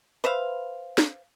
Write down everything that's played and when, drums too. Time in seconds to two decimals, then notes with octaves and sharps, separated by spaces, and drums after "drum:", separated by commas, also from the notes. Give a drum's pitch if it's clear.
0.24 B4 C5 E5 F5
0.98 drum: snare